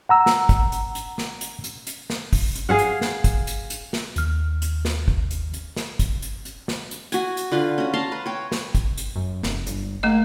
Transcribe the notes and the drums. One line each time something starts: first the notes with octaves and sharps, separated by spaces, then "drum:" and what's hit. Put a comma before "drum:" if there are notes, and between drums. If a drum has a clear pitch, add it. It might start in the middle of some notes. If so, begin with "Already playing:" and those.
F#5 A#5 E6
drum: snare
drum: kick, hi-hat
drum: hi-hat
drum: hi-hat
drum: snare
drum: hi-hat
drum: hi-hat
drum: hi-hat
drum: snare
drum: kick, open hi-hat
drum: hi-hat
G#4 F5 F#5
drum: hi-hat
drum: snare
drum: kick, hi-hat
drum: hi-hat
drum: hi-hat
drum: snare
D#2 F6, drum: hi-hat
drum: hi-hat
drum: snare
drum: kick
drum: hi-hat
drum: hi-hat
drum: snare
drum: kick, hi-hat
drum: hi-hat
drum: hi-hat
drum: snare
drum: hi-hat
F#4 G#5, drum: hi-hat
drum: hi-hat
D3 F4 B4
C#4 F#4
F5 A5 A#5 C6
B4
C#5 G5
drum: snare
drum: kick, hi-hat
drum: hi-hat
F#2
F1, drum: snare
G1, drum: hi-hat
A3 A#3 D#5